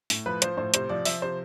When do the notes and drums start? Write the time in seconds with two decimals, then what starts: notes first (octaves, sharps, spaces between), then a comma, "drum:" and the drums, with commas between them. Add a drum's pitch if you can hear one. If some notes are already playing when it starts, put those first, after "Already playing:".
0.10 A2, drum: open hi-hat
0.26 F3 B4
0.42 F3 C5, drum: hi-hat
0.57 A2 C5
0.74 C3 C5, drum: hi-hat
0.89 F3 D5
1.05 F3 E5, drum: open hi-hat
1.22 C3 C5